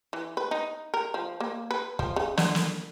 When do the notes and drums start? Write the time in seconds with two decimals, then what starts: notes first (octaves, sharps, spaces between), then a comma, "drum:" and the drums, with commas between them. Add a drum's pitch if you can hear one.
0.13 E3
0.37 B4
0.51 D#4
0.94 A#4
1.14 F3
1.40 A#3
1.71 B4
1.99 F3, drum: kick
2.16 C#3
2.38 D3, drum: snare
2.55 drum: snare